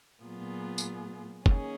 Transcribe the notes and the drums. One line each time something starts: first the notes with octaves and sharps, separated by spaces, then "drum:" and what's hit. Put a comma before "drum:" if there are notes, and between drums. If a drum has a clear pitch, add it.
A#2 F#3 B3 F4 G#4
drum: tambourine
D#3 A#3 C#4 G#4, drum: kick F#1